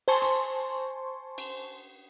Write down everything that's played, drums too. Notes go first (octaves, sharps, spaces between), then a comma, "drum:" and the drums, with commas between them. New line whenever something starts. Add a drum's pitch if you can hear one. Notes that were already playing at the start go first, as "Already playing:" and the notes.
C5 G#5 A5 C6 C#6, drum: open hi-hat
drum: hi-hat
drum: cymbal